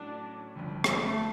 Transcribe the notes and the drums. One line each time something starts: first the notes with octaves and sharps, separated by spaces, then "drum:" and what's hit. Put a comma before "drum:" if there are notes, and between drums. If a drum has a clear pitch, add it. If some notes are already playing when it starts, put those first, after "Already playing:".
Already playing: A2 F#3 A3 C#4 D4
G1 F2 D3
drum: rim click
A3